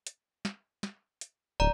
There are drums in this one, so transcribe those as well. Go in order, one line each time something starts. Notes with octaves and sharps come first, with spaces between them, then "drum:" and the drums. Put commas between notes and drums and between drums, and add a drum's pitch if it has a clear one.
drum: hi-hat
drum: snare
drum: snare
drum: hi-hat
D1 D5 A#5